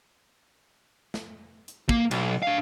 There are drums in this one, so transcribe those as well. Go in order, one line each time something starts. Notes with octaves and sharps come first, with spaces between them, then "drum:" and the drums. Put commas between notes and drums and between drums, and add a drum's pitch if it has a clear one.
drum: snare
drum: hi-hat
A#3, drum: kick
B1, drum: cymbal
D4 F5